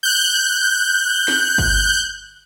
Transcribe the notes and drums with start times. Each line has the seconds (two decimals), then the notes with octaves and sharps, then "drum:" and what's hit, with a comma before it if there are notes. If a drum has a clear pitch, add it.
0.03 F#6 G6
1.28 drum: snare
1.58 drum: kick G1